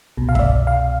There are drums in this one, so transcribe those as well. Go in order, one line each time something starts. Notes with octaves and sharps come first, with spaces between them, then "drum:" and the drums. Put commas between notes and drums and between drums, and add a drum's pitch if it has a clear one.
C2 B2
F5
E5, drum: kick F#2
D5
F5